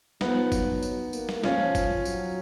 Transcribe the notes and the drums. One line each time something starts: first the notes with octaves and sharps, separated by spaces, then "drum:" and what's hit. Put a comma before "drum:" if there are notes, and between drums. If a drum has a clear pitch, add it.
F3 B3 D#4, drum: snare
F#3, drum: kick, tambourine
drum: tambourine
A#3, drum: tambourine
drum: snare
F3 C#4 F4, drum: snare
drum: kick, tambourine
F#3, drum: tambourine